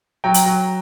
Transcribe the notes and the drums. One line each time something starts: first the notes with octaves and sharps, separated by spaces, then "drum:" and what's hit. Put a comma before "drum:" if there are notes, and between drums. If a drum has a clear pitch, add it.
F#3 G5 A#5
drum: hi-hat
F#3